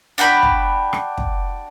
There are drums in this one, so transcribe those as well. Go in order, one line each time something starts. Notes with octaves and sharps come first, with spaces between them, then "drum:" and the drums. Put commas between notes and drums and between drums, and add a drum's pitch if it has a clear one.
D4 F#4 G5 B5
drum: kick
drum: rim click
drum: kick